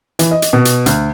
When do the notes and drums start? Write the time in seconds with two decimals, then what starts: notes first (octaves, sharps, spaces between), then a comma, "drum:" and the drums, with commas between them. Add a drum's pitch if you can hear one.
0.19 E3, drum: hi-hat
0.31 D#5
0.42 drum: hi-hat
0.53 B2
0.65 drum: hi-hat
0.86 D2, drum: hi-hat